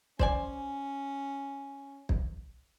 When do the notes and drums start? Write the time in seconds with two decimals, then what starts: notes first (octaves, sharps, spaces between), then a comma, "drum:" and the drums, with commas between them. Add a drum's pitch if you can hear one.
0.19 C#4 C5 D5 G#5, drum: kick
2.09 drum: kick